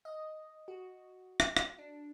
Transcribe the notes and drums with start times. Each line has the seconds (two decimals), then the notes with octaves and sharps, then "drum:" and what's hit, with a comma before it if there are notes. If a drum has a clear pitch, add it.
0.05 D#5
0.68 F#4
1.40 drum: rim click
1.57 drum: rim click
1.78 D4